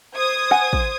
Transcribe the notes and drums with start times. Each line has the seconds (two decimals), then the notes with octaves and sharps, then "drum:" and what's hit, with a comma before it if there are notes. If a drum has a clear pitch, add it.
0.15 C5 D#6 G#6
0.51 F#5 G#5
0.73 drum: kick